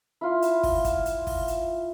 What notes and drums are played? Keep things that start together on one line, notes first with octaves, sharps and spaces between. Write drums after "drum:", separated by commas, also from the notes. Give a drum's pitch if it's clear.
E4 F4
drum: hi-hat
drum: kick, open hi-hat
drum: kick, hi-hat
drum: hi-hat
drum: kick, open hi-hat
drum: hi-hat